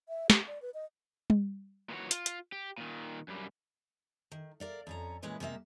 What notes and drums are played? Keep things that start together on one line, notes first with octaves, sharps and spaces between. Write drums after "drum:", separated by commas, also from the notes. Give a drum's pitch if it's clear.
E5
G4, drum: snare
D5
B4
D#5
drum: tom G3
A#2 D#3 E3 D#4 F#4 C#5
F4, drum: hi-hat
drum: hi-hat
G4
A#2 D#3
F#2 G3
D#3
A#4 D5 F5
F2 C#4 A#5
A#2 E3 G#3 C#4 B4 D#5
C3 G#3 A#3 E5